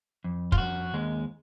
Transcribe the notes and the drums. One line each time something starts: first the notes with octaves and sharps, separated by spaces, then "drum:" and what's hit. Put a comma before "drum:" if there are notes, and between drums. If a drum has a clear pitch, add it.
F2
F4, drum: kick
F2 F#4
D#2 G#3